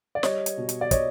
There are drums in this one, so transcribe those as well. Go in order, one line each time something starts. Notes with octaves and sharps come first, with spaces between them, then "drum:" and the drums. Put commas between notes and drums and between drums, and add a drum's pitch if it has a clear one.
D5
G3 C#5 D#5, drum: snare
drum: hi-hat
B2
drum: hi-hat
D5
C#5 D#5, drum: kick, hi-hat